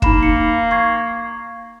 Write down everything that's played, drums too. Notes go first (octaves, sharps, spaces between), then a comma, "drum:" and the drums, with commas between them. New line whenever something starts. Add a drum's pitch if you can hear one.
A#3 D#4 B5 E7, drum: kick
C#7
C#6 G#6 C7